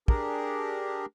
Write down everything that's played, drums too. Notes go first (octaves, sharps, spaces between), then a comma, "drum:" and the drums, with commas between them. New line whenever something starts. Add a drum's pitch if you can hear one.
D4 G4 G#4 A#4, drum: kick